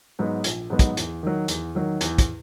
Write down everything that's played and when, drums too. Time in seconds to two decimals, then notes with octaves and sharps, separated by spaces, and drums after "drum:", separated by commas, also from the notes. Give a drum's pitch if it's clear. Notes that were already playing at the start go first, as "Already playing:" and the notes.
0.19 G#2 F#3 B3 D#4
0.44 A#1, drum: hi-hat
0.70 G#2 F#3 B3 D#4
0.79 drum: kick, hi-hat
0.97 E2, drum: hi-hat
1.23 D#3 F#3
1.48 E2, drum: hi-hat
1.75 D#3 F#3
2.01 E2, drum: hi-hat
2.18 drum: kick, hi-hat